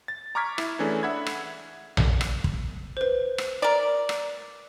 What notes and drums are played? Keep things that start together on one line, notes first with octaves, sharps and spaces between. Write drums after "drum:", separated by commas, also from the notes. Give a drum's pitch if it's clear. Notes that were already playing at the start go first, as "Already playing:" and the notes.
A6
A#5 C#6 D6 F6 G#6 B6
E4, drum: rim click
E3 A3 C#4 D4 G#4 A4
E5 F#5 B5 G#6
drum: rim click
drum: tom A#1
drum: rim click
drum: kick
B4 C5
drum: rim click
A#4 D5
drum: rim click